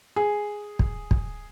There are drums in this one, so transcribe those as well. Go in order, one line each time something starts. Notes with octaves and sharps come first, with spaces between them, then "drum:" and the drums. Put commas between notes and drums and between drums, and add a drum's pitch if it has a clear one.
G#4
drum: kick
drum: kick